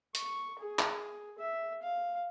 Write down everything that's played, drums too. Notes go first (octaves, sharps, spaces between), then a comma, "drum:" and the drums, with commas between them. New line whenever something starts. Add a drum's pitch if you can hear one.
C#6, drum: hi-hat
G#4
drum: clap
E5
F5